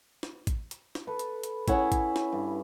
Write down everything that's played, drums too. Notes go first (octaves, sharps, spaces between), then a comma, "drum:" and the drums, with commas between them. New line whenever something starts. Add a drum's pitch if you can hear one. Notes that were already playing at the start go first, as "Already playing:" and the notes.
drum: snare
drum: kick A1, hi-hat
drum: hi-hat
drum: snare
A4 B4
drum: hi-hat
drum: hi-hat
C#4 E4 G#4 C#5 F#5, drum: kick A1, hi-hat
drum: kick A1, hi-hat
drum: snare
G2